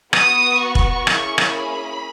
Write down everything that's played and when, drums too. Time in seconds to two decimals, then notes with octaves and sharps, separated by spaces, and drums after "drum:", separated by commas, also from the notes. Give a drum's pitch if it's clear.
0.13 B3 F#4 D#6, drum: rim click
0.60 C#6
0.75 drum: kick
1.07 A#3 C#4 E4 G#4, drum: rim click
1.38 drum: rim click
1.53 B5